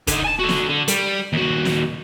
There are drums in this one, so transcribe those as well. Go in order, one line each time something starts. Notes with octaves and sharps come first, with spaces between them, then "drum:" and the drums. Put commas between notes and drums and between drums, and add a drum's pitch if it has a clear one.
D3 D#4, drum: kick, hi-hat
G#5 A5
F#4 A4
drum: snare
D3
G3, drum: hi-hat
D#2 F#4
drum: snare